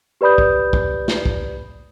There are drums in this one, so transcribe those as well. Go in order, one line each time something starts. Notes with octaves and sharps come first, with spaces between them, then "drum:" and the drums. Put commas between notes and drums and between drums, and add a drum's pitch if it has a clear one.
G4 B4 D5 B5 D#6 G6
drum: kick
drum: kick
drum: snare
drum: kick